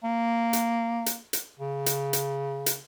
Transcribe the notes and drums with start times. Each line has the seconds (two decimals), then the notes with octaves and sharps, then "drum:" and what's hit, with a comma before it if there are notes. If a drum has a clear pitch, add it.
0.04 A#3
0.53 drum: hi-hat
1.06 drum: hi-hat
1.33 drum: hi-hat
1.60 C#3
1.86 drum: hi-hat
2.13 drum: hi-hat
2.66 drum: hi-hat